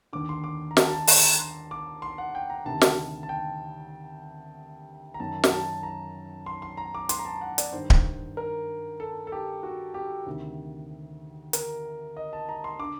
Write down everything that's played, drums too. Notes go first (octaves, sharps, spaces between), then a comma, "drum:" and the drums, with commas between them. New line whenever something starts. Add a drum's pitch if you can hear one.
D#2 D3 D6
C6
D6
A#5
A5, drum: snare
A5
A#5, drum: open hi-hat
A#5
C6
D6
C6
F#5
G5
A#5
D2 C3 D#3 A5
drum: snare
A5
G5
A#5
F#2 D#3 A5
A#5, drum: snare
A5
A#5
C6
C6
A#5
D6
C6, drum: hi-hat
A#5
A5
F#5
D5, drum: hi-hat
G2 D#3 C5
drum: kick D1
A#4
A4
A4
G4
F#4
G4
D2 C3 D#3
A#4, drum: hi-hat
D#5
A5
A#5
C6
D3 D6